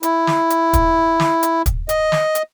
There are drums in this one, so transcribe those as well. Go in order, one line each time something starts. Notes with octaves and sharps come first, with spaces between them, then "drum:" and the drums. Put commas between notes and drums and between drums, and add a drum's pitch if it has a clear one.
E4, drum: hi-hat
drum: snare
drum: hi-hat
drum: kick, hi-hat
drum: snare
drum: hi-hat
drum: kick, hi-hat
D#5, drum: hi-hat
drum: snare
drum: hi-hat